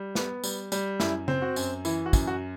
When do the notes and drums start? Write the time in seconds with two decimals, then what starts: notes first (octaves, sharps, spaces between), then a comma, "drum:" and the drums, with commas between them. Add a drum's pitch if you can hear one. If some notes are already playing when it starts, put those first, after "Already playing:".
Already playing: G3
0.15 B3, drum: snare
0.44 G3, drum: tambourine
0.72 G3, drum: tambourine
1.00 F#2 E4, drum: snare
1.28 C4, drum: tom C#3
1.42 F#4
1.56 F#2, drum: tambourine
1.85 E3 E4, drum: tambourine
2.06 F#4
2.13 F#2, drum: kick, tambourine
2.27 F#4